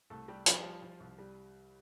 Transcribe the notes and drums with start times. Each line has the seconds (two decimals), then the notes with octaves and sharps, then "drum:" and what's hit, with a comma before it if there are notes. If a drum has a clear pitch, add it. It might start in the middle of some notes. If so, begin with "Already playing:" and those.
0.10 C2 A3 A4
0.28 G3 G4
0.46 F3 G3 F4, drum: hi-hat
0.64 G3
0.82 F3
1.00 C2
1.18 G3